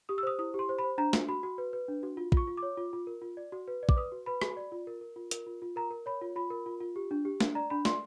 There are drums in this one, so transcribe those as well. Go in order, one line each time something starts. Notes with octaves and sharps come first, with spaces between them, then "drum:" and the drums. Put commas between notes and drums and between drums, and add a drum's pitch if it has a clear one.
G4 D#6
E6
C5 D#6
E4 D#6
G4 C6
C5
B5
C5
D4 A#5
F#4, drum: snare
F#4 B5
F#4
B4
B4
D4
F#4
F4
F4 C#6, drum: kick
F4
D6
C#5
F4
F4
A#4
F4
D5
F#4
B4
D5
D6, drum: kick
B4 D#6
F#4
B4 B5
F#4, drum: rim click
D5
F4
A#4
A#4
F4
A#4, drum: hi-hat
F4
F4
A#4 A#5
A#4
C#5 B5
F4
F4 B5
A#4
F4
F4
G4
D4
G4
D4, drum: snare
D5 A#5
D4 B5
D5 C6, drum: snare